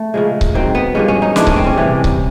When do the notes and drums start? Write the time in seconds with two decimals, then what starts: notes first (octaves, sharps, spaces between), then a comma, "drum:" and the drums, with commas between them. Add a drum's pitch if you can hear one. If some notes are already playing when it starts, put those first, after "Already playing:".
Already playing: A3
0.14 C#3 F3 G#3
0.41 drum: kick C#1
0.54 G#2 D#3 F#3 C4
0.75 B3
0.95 G2 D3 F3 G#3 C#4
1.08 C#4
1.22 D#4
1.36 A2 E3 G#3 D4, drum: snare
1.47 C#4, drum: kick C#1
1.56 C4
1.66 C#4
1.76 C3 E3 G3
2.04 drum: kick C#1